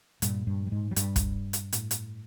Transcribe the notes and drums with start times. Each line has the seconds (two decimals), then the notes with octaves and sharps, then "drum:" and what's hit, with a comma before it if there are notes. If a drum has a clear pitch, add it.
0.22 G2 A#2 G3, drum: hi-hat
0.47 G2 G3
0.66 G3
0.71 G#2 G#3
0.91 F#3
0.96 G2 G3, drum: hi-hat
1.16 drum: kick, hi-hat
1.53 drum: hi-hat
1.73 A2, drum: hi-hat
1.91 drum: hi-hat